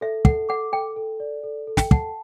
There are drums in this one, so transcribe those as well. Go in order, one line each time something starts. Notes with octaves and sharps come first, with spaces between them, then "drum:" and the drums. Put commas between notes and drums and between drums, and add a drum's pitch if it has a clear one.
A4 E5
A4 F#5, drum: kick
F#5 D6
A4 G5
A4
D5
A4
A4
G5, drum: snare
F#5 A5, drum: kick